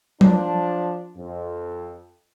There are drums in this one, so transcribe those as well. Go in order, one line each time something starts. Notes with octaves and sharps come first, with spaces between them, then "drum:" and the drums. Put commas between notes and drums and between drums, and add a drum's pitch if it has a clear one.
F3 D4, drum: tom F#3
F2